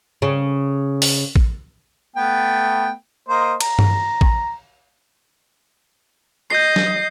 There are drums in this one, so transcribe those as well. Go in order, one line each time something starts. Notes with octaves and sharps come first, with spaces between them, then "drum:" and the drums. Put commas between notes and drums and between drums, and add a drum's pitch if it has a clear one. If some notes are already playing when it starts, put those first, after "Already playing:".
C#3
drum: open hi-hat
drum: kick A1
A3 B3 G5
A#3 C5 D#5
A#5, drum: cymbal
drum: tom G2
drum: kick A1
D#5 G6 C7
drum: snare